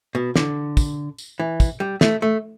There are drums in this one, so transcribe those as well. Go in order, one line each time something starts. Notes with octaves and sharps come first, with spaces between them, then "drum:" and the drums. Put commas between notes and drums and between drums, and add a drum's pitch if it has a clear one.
B2
D3, drum: snare
drum: kick, tambourine
drum: tambourine
E3
drum: kick, tambourine
G3
A3, drum: snare
A3